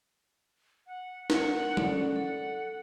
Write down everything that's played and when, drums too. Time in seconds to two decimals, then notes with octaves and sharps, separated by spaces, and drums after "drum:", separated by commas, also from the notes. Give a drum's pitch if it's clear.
0.87 F#5
1.30 A#4 F#5, drum: snare
1.77 C#4 A4 D5, drum: tom
2.16 A4 F#5